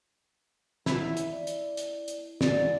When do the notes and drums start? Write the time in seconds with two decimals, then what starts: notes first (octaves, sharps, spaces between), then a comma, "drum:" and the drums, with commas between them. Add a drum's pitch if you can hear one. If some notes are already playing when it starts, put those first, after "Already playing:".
0.86 E2 E4, drum: snare
1.17 drum: hi-hat
1.31 D5
1.47 drum: hi-hat
1.77 drum: hi-hat
2.08 drum: hi-hat
2.41 E2 G#2 D5, drum: snare